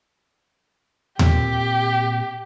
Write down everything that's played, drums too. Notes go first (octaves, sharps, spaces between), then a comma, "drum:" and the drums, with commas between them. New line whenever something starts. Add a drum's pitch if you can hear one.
A#2 C4 G4, drum: tom D#2